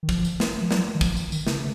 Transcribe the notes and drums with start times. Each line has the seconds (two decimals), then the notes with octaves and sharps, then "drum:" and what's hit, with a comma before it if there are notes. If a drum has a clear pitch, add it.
0.03 D#3
0.09 F3, drum: kick, tambourine
0.25 drum: tambourine
0.40 drum: snare
0.61 F3
0.71 F#3, drum: snare
0.95 D#3
1.01 F3, drum: kick, tambourine
1.17 drum: tambourine
1.32 D#3, drum: tambourine
1.47 C#3, drum: snare